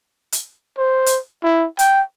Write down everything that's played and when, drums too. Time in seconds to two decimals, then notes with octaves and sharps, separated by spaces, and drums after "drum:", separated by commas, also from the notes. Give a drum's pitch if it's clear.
0.32 drum: hi-hat
0.78 C5
1.06 drum: hi-hat
1.43 E4
1.79 G5, drum: hi-hat